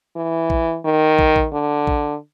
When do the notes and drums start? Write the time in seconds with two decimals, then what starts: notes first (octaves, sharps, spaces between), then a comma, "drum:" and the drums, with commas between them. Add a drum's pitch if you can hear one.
0.16 E3
0.50 drum: kick
0.84 D#3
1.19 drum: kick
1.36 drum: kick
1.53 D3
1.87 drum: kick